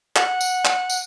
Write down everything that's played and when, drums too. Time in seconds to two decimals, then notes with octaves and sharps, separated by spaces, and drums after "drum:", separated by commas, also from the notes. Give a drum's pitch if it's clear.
0.16 F#5, drum: clap
0.41 drum: tambourine
0.65 drum: clap
0.90 drum: tambourine